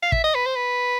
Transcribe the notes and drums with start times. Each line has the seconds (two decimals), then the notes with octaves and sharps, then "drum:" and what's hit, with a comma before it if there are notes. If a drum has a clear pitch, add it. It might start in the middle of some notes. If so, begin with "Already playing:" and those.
0.02 F5
0.12 E5, drum: kick
0.23 D#5
0.35 B4
0.46 C5
0.56 B4